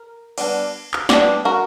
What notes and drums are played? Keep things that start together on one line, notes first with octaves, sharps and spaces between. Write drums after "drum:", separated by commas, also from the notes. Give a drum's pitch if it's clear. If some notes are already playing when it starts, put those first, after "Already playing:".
Already playing: A#4
G3 B3 D4, drum: cymbal
drum: clap
G3 B3 D4 G4, drum: snare
F#4 A#4